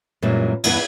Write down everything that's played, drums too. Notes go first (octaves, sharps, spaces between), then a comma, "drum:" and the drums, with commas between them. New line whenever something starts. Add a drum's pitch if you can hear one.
F#2 A#2 E3 G3 G#3 C4
E2 G2 B3 E4 B4, drum: cymbal